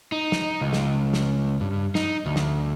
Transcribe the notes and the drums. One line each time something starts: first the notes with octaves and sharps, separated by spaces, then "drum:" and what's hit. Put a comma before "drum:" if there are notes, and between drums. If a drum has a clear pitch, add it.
D#4
drum: snare
C#2
drum: snare
drum: snare
G2
D#4, drum: snare
D2
drum: snare